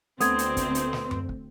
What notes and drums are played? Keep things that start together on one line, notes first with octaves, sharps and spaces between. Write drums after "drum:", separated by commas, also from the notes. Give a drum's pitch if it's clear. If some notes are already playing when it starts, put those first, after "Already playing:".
D2 A3 B3 C4 C6 D#6 G#6, drum: hi-hat
drum: hi-hat
drum: kick, hi-hat
drum: hi-hat
drum: snare
drum: tom F#2
drum: kick